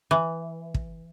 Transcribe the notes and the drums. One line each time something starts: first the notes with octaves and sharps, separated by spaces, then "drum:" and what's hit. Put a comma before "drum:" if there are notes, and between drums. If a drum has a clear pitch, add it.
E3
drum: kick